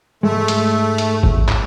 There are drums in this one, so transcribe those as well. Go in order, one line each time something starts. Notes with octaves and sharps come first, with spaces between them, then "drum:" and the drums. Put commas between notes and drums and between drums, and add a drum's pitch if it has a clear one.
G#2 G#3 A3
drum: hi-hat
drum: hi-hat
drum: kick G#1
drum: clap